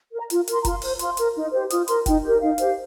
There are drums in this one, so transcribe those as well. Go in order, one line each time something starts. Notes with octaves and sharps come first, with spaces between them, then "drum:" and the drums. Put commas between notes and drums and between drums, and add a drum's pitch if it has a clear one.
A#4
A#5
F4, drum: hi-hat
A#4 C6, drum: hi-hat
A#5
F4 C6, drum: kick F1, hi-hat
C5, drum: open hi-hat
F4 C6, drum: hi-hat
A#4, drum: hi-hat
D#4
G4 C5
F4 D#6, drum: hi-hat
A#4 C6, drum: hi-hat
D#4 G5, drum: kick F1, hi-hat
G4 A#4
D#4 F5
G4 C5, drum: hi-hat